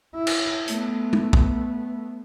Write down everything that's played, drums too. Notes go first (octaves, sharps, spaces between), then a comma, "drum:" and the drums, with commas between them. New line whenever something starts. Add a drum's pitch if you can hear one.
E4
drum: cymbal
A3 B3, drum: hi-hat
drum: tom
drum: kick